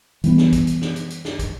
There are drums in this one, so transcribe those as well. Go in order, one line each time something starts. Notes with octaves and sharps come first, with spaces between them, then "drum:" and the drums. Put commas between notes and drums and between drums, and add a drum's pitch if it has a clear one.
E3 G3 B3, drum: hi-hat
drum: snare
drum: kick, hi-hat
drum: hi-hat
drum: snare
drum: hi-hat
drum: hi-hat
drum: snare
drum: kick, hi-hat